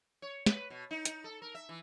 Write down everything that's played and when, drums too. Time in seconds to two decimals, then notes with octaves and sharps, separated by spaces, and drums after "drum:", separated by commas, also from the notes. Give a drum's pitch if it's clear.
0.22 C#5
0.46 B4, drum: snare
0.70 B2
0.91 D#4
1.05 D#4, drum: hi-hat
1.24 A4
1.42 A#4
1.55 E5
1.69 E3